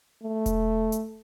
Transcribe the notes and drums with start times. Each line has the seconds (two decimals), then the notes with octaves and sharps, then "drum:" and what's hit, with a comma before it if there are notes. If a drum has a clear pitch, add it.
0.23 A3
0.46 drum: kick E1, hi-hat
0.92 drum: hi-hat